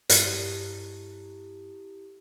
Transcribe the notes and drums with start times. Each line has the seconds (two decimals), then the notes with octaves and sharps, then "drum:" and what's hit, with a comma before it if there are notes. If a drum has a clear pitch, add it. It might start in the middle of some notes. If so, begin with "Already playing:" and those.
0.09 G2 E4 G4 A4, drum: hi-hat